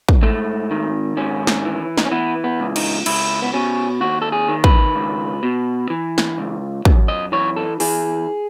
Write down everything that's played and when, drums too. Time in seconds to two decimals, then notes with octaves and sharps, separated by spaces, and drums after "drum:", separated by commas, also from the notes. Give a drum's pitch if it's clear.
0.08 drum: kick
0.23 G#2 A3
0.71 D#3
1.17 G#2 C#4
1.47 drum: snare
1.65 E3
1.98 D#4, drum: snare
2.05 C#4
2.11 E3 B3
2.44 B3
2.60 C#2
2.76 D#4, drum: cymbal
3.06 C#2 E4, drum: cymbal
3.42 B3
3.53 B2 C#4
4.01 D#2 F#4
4.22 A4
4.32 G#4
4.48 D#3
4.64 B4, drum: kick
4.95 C#2
5.43 B2
5.90 E3
6.18 drum: snare
6.38 C#2
6.85 F#2, drum: kick
7.08 D#5
7.32 E3 C#5
7.56 A4
7.80 E3 G#4, drum: open hi-hat